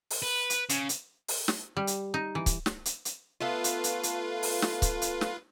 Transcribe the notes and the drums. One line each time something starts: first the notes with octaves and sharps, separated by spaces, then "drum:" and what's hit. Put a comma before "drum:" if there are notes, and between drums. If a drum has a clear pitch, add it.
drum: open hi-hat
B4
drum: hi-hat
C#3, drum: hi-hat
drum: hi-hat
drum: open hi-hat
drum: snare
G3
drum: hi-hat
D#4
E3
drum: kick C#1, hi-hat
drum: snare
drum: hi-hat
drum: hi-hat
A3 B3 F4 A4 B4 F5
drum: hi-hat
drum: hi-hat
drum: hi-hat
drum: open hi-hat
drum: snare
drum: kick C#1, hi-hat
drum: hi-hat
drum: snare